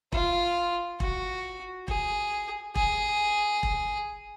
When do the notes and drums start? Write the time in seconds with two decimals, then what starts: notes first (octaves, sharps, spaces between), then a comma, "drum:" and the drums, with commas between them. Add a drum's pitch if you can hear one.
0.12 F4, drum: kick E1
1.00 F#4, drum: kick E1
1.88 G#4, drum: kick E1
2.75 G#4, drum: kick E1
3.63 drum: kick E1